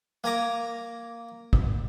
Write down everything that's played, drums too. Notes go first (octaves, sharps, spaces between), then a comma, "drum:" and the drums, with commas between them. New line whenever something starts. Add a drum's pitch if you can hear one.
A#3 G#5 A#5 D6
drum: kick